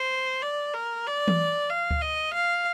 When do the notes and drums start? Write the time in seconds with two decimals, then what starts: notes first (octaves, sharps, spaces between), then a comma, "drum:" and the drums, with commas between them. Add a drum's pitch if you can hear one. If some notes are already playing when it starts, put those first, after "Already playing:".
Already playing: C5
0.42 D5
0.74 A#4
1.06 D5
1.28 drum: tom E3
1.70 F5
1.91 drum: kick D2
2.01 D#5
2.34 F5